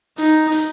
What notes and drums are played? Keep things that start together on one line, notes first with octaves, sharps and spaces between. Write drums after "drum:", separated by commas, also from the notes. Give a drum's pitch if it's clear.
D#4, drum: hi-hat
drum: hi-hat